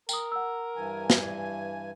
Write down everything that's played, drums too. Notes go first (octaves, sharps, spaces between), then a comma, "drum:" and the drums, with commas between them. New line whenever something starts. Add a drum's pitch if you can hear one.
A#4 G5 D#6, drum: tambourine
F#5 E6
G2 E3 G#5
drum: snare